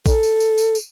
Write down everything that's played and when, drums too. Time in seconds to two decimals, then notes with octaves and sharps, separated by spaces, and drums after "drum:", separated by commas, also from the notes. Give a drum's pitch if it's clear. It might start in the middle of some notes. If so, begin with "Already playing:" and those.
0.06 A4, drum: kick, tambourine
0.23 drum: tambourine
0.40 drum: tambourine
0.58 drum: tambourine
0.75 drum: tambourine